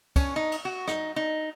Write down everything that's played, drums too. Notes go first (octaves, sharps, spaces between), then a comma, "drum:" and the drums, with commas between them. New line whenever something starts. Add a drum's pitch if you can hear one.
C#4, drum: kick, cymbal
D#4
drum: cymbal
F#4
D#4, drum: rim click
D#4